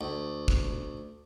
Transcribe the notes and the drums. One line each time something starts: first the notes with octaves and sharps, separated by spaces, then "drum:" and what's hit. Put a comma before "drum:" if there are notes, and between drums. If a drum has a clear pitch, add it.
D2
drum: kick